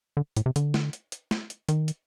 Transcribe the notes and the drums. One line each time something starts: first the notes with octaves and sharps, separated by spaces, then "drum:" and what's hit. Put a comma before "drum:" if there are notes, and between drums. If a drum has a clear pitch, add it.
D3
A2, drum: hi-hat
C3
D3, drum: hi-hat
drum: snare
drum: hi-hat
drum: hi-hat
drum: snare
drum: hi-hat
D#3, drum: hi-hat
drum: hi-hat